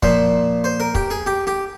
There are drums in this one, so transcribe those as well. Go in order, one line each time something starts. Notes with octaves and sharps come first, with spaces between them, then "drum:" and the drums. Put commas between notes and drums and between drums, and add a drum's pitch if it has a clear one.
A#2 F3 C5, drum: kick
C5
A#4
G4, drum: kick
G#4
G4
G4